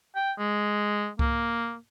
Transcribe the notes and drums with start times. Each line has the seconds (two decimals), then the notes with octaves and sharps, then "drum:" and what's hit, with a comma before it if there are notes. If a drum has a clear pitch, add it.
0.16 G5
0.39 G#3
1.19 A#3, drum: kick C2